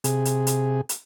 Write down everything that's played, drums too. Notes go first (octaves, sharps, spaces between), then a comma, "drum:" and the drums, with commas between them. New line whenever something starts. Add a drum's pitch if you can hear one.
C3 G#4, drum: hi-hat
drum: hi-hat
drum: hi-hat
drum: hi-hat